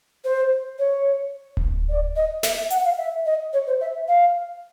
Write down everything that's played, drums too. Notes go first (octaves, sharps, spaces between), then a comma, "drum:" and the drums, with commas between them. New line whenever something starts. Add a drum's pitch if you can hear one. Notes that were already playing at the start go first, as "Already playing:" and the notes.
C5
C#5
drum: kick D1
D5
D#5
E5, drum: snare
F#5, drum: hi-hat
F5
E5
D#5
C#5
C5
E5
F5